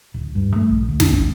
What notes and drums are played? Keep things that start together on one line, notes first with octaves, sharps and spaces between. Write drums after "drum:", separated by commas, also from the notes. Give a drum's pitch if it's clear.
D1
G2
A3
A#1
D2
D3, drum: snare
G#1